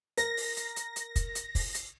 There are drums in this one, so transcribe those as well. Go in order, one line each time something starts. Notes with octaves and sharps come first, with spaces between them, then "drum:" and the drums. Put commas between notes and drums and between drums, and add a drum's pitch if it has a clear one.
A#4 A#6, drum: hi-hat
drum: open hi-hat
drum: hi-hat
drum: hi-hat
drum: hi-hat
drum: kick, hi-hat
drum: hi-hat
drum: kick, open hi-hat
drum: hi-hat